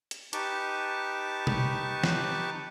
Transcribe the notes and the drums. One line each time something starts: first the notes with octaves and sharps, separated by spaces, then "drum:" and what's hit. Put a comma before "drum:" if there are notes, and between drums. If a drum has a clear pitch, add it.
drum: hi-hat
D#4 G4 B4 A5 C#6 D6, drum: hi-hat
drum: tom B2
drum: snare